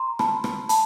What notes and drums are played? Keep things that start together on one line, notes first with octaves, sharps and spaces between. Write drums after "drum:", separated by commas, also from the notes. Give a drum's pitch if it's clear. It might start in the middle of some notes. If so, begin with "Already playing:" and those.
Already playing: A#5 C6
A5 B5, drum: rim click
drum: rim click
A5 B5, drum: hi-hat